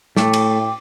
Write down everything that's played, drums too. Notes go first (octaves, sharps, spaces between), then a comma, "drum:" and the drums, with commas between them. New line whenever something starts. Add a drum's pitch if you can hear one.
A2 A3 G5 D6, drum: snare
drum: cymbal